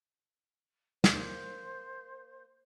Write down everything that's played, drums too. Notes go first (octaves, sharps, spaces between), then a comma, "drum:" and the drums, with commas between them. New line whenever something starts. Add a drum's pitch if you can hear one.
A#3 C5, drum: snare